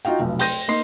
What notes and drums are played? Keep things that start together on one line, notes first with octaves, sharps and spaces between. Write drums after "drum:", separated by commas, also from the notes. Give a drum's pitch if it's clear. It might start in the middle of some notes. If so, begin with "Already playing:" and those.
D#4 F4 F#4 F5 G5
F1 B1
G5 C6 G6 A#6 D#7, drum: open hi-hat
A#3 D#4 C6 C7